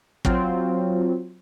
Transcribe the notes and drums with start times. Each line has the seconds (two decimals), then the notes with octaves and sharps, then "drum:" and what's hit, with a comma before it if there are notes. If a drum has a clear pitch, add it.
0.25 F#3 C4 F4, drum: kick